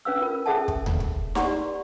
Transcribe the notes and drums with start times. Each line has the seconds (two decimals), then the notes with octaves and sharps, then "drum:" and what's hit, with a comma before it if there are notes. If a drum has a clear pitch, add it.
0.05 C#4 B4 F5 E6
0.21 F4 A#4
0.46 C#4 G#4 A4 E5 F#5 A5
0.68 drum: kick
0.86 drum: tom D2
1.00 drum: kick
1.35 G4 D5 F#5 A#5 C6 C#6, drum: snare D#4